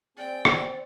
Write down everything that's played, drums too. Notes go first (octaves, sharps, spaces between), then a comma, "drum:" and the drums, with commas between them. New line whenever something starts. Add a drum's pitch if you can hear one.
C4 G#4 D5 G5 G#5
drum: rim click